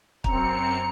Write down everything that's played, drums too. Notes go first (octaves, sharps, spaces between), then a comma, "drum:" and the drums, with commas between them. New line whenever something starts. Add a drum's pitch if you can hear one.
F#2 C4 A#5 C#7, drum: kick